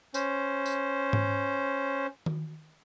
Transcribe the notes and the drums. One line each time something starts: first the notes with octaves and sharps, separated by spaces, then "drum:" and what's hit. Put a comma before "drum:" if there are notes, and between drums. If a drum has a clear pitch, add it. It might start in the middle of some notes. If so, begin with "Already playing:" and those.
C#4 C5, drum: tambourine
drum: tambourine
drum: tom G#2
drum: tom D#3